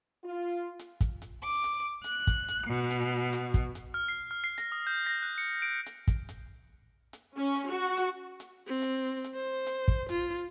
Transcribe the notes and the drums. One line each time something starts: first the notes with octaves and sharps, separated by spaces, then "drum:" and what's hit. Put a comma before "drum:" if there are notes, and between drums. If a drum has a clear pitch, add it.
F4
drum: hi-hat
drum: kick, hi-hat
drum: hi-hat
D6
drum: hi-hat
F#6, drum: hi-hat
drum: kick, hi-hat
drum: hi-hat
B2
drum: hi-hat
drum: hi-hat
drum: kick, hi-hat
drum: hi-hat
F6
C7
F6
C7
A#6, drum: hi-hat
D#6
G6
A#6
F#6
C#7
D7
drum: hi-hat
drum: kick, hi-hat
drum: hi-hat
drum: hi-hat
C#4
drum: hi-hat
F#4
drum: hi-hat
drum: hi-hat
C4
drum: hi-hat
drum: hi-hat
C5
drum: hi-hat
drum: kick
F4, drum: hi-hat